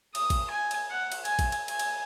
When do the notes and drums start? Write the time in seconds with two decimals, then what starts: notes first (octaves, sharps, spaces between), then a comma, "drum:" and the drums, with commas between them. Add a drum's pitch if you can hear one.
0.15 D#6, drum: cymbal
0.30 drum: kick A1, cymbal
0.50 G#5
0.71 drum: cymbal
0.90 F#5
1.12 drum: cymbal
1.25 G#5, drum: cymbal
1.39 drum: kick A1, cymbal
1.52 drum: cymbal
1.68 G#5, drum: cymbal
1.79 drum: cymbal